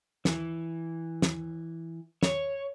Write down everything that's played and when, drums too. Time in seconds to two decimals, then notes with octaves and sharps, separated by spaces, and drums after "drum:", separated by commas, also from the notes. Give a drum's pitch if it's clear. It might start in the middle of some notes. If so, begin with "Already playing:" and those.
0.25 E3, drum: snare
1.22 drum: snare
2.23 C#5, drum: snare